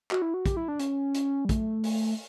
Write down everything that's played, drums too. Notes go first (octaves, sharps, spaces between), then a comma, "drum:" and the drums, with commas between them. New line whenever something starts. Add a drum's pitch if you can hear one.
F#4, drum: clap
E4
F#4
G4, drum: kick, hi-hat
E4
D4
C#4, drum: hi-hat
drum: hi-hat
G3
A3, drum: kick, hi-hat
drum: open hi-hat